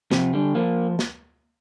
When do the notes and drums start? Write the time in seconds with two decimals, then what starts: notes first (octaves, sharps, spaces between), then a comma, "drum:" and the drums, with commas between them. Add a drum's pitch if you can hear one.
0.11 C3 F3, drum: snare
0.34 D3 G3
0.55 F3 A#3
0.99 drum: snare